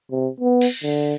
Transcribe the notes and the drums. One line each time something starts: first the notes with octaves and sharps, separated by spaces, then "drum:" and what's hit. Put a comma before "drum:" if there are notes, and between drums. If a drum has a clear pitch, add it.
C3
B3
drum: cymbal
D3